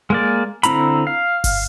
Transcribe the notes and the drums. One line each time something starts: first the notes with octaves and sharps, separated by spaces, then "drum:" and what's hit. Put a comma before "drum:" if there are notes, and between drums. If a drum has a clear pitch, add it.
G#3 A#3 D5
D3 C4 E4 A#5 B5, drum: hi-hat
F5
drum: kick G1, open hi-hat